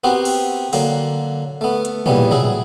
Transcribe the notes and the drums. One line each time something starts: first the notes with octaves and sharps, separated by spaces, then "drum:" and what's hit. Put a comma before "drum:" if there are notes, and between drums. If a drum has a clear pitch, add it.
B3 C4 F#4 G4 A#4
drum: cymbal
D3 F#3 A#3, drum: open hi-hat
A3 B3
drum: hi-hat
E2 A#2 G3 B3 C#4, drum: tom
F#3 E4 G#4, drum: tom